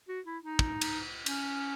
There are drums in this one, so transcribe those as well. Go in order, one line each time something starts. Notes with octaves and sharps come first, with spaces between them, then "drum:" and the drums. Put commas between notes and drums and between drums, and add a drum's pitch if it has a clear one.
F#4
E4
D#4
drum: kick
drum: cymbal
C#4, drum: cymbal